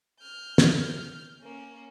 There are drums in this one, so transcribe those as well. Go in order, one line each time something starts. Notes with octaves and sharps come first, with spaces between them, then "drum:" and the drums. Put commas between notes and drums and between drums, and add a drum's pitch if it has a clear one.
F6 G6
drum: snare
A#3 C#4